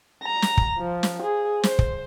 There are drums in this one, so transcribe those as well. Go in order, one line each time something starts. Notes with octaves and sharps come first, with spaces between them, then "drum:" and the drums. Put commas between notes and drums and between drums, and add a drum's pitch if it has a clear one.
A#5
drum: snare
drum: kick
F3
drum: snare
G#4
C5, drum: snare
drum: kick